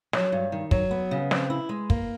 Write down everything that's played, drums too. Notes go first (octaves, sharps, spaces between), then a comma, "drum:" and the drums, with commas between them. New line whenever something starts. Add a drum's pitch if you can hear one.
F#3, drum: snare
G2
D#3
F#3, drum: kick
B3
C#3
C4, drum: snare
E4
G#3
A#3, drum: kick